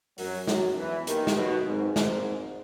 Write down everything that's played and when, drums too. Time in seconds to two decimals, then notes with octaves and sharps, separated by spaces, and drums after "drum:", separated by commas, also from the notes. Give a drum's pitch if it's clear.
0.18 F#2 F#3, drum: open hi-hat
0.48 F#2 F#3, drum: snare
0.77 E2 E3
1.07 D#2 D#3, drum: hi-hat
1.27 drum: snare
1.37 B1 B2
1.66 G#1 G#2
1.96 G#1 G#2, drum: snare